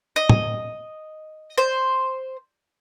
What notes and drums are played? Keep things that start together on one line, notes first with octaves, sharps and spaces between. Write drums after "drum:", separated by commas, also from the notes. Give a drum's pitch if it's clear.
D#5
drum: tom
C5